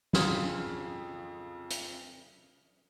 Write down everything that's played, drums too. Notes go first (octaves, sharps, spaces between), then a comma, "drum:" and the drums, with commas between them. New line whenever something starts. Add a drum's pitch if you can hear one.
F2 C#3 F4 G#4 D#6 F6, drum: snare
drum: hi-hat